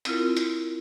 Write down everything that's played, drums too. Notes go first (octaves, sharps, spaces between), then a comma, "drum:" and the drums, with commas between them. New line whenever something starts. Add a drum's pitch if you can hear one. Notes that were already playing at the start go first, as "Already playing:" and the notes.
C4 E4 F4 A#4, drum: hi-hat
drum: hi-hat